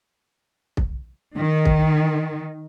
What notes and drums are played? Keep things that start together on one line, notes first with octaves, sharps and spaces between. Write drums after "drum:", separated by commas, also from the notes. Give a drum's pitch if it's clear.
drum: kick
D#3
drum: kick